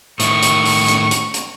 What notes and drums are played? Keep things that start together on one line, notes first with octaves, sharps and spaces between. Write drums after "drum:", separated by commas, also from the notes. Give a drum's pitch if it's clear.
A2 D#3 C#6, drum: hi-hat
drum: hi-hat
drum: open hi-hat
drum: hi-hat
drum: hi-hat
drum: hi-hat